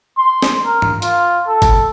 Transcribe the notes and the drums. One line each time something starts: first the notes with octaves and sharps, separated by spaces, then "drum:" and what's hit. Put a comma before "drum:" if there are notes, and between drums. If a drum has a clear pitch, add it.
C6
drum: snare
A#4
drum: tom G#2
F4, drum: hi-hat
A4
drum: kick G1, hi-hat